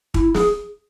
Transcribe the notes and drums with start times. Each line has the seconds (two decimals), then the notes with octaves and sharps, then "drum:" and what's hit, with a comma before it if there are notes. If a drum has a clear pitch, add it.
0.14 E4, drum: kick
0.34 G#4, drum: snare